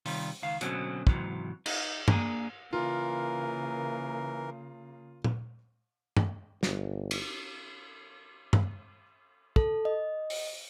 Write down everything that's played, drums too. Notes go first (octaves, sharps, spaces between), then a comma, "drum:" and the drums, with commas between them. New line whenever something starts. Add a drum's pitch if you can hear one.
C3 D#3 G3 F4, drum: open hi-hat
C#2 D#3 F5
B2 D3 F#3 C4 C#4, drum: hi-hat
G#2 C3 E3 F#3, drum: kick
D#4, drum: cymbal
A#3 D4 G#4 A#4, drum: tom G2
C#3 E3 A#3 F4 A#4
drum: tom
drum: tom G2
G1, drum: snare
drum: cymbal
drum: tom G2
A4, drum: kick
D#5
drum: open hi-hat